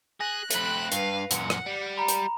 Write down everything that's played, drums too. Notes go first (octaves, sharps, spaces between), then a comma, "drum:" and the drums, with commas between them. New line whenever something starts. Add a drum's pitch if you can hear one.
G#4 F#6 A#6
A3 C4 B5 F#6, drum: hi-hat
G2 B4 F5, drum: hi-hat
F#2 A#2 F#5, drum: hi-hat
drum: rim click
G3
A#5 B5
drum: hi-hat